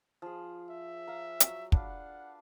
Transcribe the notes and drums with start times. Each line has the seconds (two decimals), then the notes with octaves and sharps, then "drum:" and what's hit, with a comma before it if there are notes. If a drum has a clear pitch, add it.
0.22 F3 G#4
0.70 E5
1.07 F5 A#5
1.40 F#3, drum: hi-hat
1.72 D4 B4 F5 F#5, drum: kick